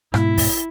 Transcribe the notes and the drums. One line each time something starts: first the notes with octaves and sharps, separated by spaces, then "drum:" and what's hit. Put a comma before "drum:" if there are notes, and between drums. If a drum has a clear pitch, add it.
G#2 B2 E4, drum: rim click
drum: kick, open hi-hat